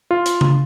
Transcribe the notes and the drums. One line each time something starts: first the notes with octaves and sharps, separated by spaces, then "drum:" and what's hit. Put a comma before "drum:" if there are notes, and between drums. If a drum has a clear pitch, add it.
F4
drum: hi-hat
drum: tom C#3